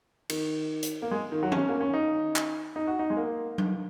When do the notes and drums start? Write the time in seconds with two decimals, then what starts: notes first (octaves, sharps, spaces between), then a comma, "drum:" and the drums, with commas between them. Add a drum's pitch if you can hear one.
0.30 D#3, drum: cymbal
0.83 drum: hi-hat
1.02 A#3
1.11 G#3
1.32 D#3
1.43 F#3
1.52 C#4, drum: tom
1.69 A#3
1.81 C#4
1.94 D#4
2.36 drum: clap
2.76 D#4
2.87 F#4
2.99 D#4
3.10 G#3
3.17 A#3
3.58 drum: tom F#3